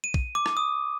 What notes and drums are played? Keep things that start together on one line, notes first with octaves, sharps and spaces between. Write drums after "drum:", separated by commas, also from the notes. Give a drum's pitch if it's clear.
D#7
drum: kick
D6
drum: rim click
D#6